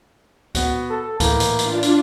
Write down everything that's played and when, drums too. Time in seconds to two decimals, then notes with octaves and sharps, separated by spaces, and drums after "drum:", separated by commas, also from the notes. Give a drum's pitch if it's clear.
0.55 B3 F#4, drum: kick C#2, hi-hat
0.90 A4
1.20 A2 E3 A#3, drum: kick C#2, hi-hat
1.40 drum: hi-hat
1.59 D4 F4, drum: hi-hat
1.83 drum: hi-hat